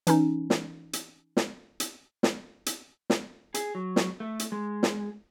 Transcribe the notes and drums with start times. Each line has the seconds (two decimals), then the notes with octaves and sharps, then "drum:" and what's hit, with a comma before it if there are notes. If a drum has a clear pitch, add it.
0.07 E3 C#4 D#4, drum: hi-hat
0.50 drum: snare
0.93 drum: hi-hat
1.37 drum: snare
1.80 drum: hi-hat
2.23 drum: snare
2.66 drum: hi-hat
3.10 drum: snare
3.54 G#4, drum: hi-hat
3.75 F#3
3.96 drum: snare
4.20 A3
4.39 drum: hi-hat
4.52 G#3
4.83 drum: snare